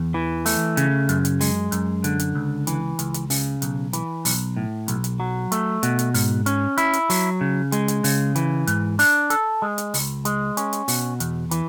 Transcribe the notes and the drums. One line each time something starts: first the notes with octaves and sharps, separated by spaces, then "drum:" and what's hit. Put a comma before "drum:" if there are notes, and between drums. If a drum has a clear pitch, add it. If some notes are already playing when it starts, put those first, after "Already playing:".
Already playing: E2
E3
A3, drum: open hi-hat
C#3, drum: hi-hat
F#2, drum: hi-hat
drum: hi-hat
G#3, drum: open hi-hat
F#2, drum: hi-hat
D3, drum: hi-hat
drum: hi-hat
C#2
E3, drum: hi-hat
C#2, drum: hi-hat
drum: hi-hat
C#3, drum: open hi-hat
B1, drum: hi-hat
E3, drum: hi-hat
B1, drum: open hi-hat
A2
B1, drum: hi-hat
drum: hi-hat
F#3
A3, drum: hi-hat
B2, drum: hi-hat
drum: hi-hat
G#2, drum: open hi-hat
C#4, drum: hi-hat
E4, drum: hi-hat
drum: hi-hat
F#3, drum: open hi-hat
C#3
G#3, drum: hi-hat
drum: hi-hat
C#3, drum: open hi-hat
E3, drum: hi-hat
G#2, drum: hi-hat
D4, drum: open hi-hat
A4, drum: hi-hat
G#3
drum: hi-hat
C#2, drum: open hi-hat
G#3, drum: hi-hat
C#4, drum: hi-hat
drum: hi-hat
B2, drum: open hi-hat
E2, drum: hi-hat
E3, drum: hi-hat